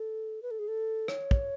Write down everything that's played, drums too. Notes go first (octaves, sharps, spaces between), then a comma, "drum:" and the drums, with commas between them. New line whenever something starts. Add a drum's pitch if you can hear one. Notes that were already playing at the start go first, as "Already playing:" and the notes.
Already playing: A4
B4
A4
G#4
A4
C#5, drum: rim click
drum: kick